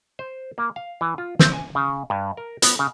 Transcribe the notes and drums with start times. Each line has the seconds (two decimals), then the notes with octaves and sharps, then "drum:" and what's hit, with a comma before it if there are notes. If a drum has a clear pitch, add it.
0.19 C5
0.58 A#3
0.76 F5
1.01 E3
1.18 F4
1.39 C4, drum: snare
1.53 G#5
1.75 C#3
2.10 G2
2.37 A#4
2.62 B3, drum: hi-hat
2.79 C#3